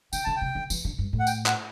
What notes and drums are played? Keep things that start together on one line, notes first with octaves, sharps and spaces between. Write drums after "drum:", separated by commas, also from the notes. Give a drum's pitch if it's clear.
D3 G5, drum: tambourine
D3 A5
G5
C3
D3
E3, drum: tambourine
D3
G2
A2
F#5
G5, drum: tambourine
F#5, drum: clap